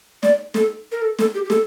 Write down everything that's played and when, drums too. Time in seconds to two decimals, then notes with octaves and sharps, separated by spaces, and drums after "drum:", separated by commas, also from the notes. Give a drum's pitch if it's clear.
0.23 D5, drum: snare
0.54 A4, drum: snare
0.92 A#4
1.02 A4
1.18 A4, drum: snare
1.34 G4
1.45 G4
1.50 A4, drum: snare